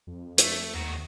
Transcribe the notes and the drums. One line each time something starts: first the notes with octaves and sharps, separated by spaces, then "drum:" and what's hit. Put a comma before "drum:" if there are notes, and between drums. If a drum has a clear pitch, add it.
F2
A3, drum: hi-hat
D#2 D#3 F#4